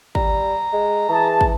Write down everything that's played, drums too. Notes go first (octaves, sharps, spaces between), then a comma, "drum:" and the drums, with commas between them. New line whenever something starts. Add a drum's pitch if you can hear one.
G3 A#5, drum: kick
G#3
E3 G#4 A5
drum: kick